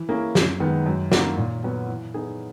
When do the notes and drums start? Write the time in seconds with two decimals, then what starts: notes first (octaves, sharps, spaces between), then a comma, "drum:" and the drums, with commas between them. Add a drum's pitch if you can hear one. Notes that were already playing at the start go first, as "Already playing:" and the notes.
Already playing: E3
0.09 A#3 C#4 E4 G#4
0.35 F#2, drum: snare
0.60 D#3 G#3 B3
0.86 F#2
1.12 E3 A#3 D#4 F#4, drum: snare
1.37 A#2
1.63 F#3 B3 F#4
1.88 E3
2.14 B3 D#4 G#4